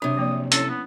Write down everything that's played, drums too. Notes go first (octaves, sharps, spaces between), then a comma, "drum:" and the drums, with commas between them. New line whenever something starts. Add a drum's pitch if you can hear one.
F#2 C3 D4 D#6
F3 A#3 D5
C#4 E4 A4 C#5, drum: hi-hat
B3